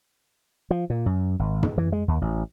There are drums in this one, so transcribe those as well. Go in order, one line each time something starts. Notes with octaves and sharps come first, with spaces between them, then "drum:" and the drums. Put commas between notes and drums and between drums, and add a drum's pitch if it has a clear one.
F3
A#2
F#2
G#1
drum: tom
E3
G#3
D#2
A1